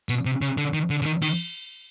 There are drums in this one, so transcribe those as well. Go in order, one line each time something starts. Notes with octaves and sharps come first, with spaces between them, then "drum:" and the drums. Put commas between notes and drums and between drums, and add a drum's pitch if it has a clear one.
B2, drum: tambourine
C3
C#3
D3
D#3
D3
D3
D#3
D#3, drum: cymbal